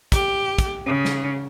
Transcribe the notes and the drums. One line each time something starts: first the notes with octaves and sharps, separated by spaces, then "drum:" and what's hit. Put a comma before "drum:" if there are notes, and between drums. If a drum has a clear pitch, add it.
G4, drum: kick, hi-hat
drum: kick, hi-hat
C#3
drum: snare